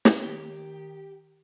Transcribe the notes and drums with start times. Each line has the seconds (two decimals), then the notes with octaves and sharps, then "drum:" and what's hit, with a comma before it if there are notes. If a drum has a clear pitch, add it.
0.05 drum: snare
0.23 D#3 G4